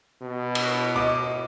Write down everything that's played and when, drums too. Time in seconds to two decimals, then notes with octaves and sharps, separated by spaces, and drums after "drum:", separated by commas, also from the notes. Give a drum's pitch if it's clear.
0.22 B2
0.55 drum: cymbal
0.96 D#5 D6